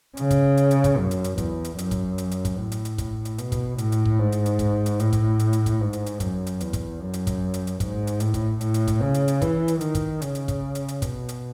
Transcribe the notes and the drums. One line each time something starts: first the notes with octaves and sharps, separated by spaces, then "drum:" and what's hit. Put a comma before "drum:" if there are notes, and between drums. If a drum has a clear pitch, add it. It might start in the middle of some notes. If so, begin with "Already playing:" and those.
C#3, drum: hi-hat
drum: kick, hi-hat
drum: hi-hat
drum: hi-hat
drum: kick, hi-hat
F#2
drum: hi-hat
drum: hi-hat
E2, drum: kick, hi-hat
drum: hi-hat
F#2, drum: hi-hat
drum: kick, hi-hat
drum: hi-hat
drum: hi-hat
drum: kick, hi-hat
A2
drum: hi-hat
drum: hi-hat
drum: kick, hi-hat
drum: hi-hat
B2, drum: hi-hat
drum: kick, hi-hat
A2, drum: hi-hat
drum: hi-hat
drum: kick
G#2
drum: hi-hat
drum: hi-hat
drum: kick, hi-hat
drum: hi-hat
A2, drum: hi-hat
drum: kick, hi-hat
drum: hi-hat
drum: hi-hat
drum: kick, hi-hat
G#2
drum: hi-hat
drum: hi-hat
F#2, drum: kick, hi-hat
drum: hi-hat
E2, drum: hi-hat
drum: kick, hi-hat
F#2
drum: hi-hat
drum: kick, hi-hat
drum: hi-hat
drum: hi-hat
G#2, drum: kick, hi-hat
drum: hi-hat
A2, drum: hi-hat
drum: kick, hi-hat
A2, drum: hi-hat
drum: hi-hat
drum: kick, hi-hat
C#3
drum: hi-hat
drum: hi-hat
E3, drum: kick, hi-hat
drum: hi-hat
D#3, drum: hi-hat
drum: kick, hi-hat
C#3, drum: hi-hat
drum: hi-hat
drum: kick, hi-hat
drum: hi-hat
drum: hi-hat
B2, drum: kick, hi-hat
drum: hi-hat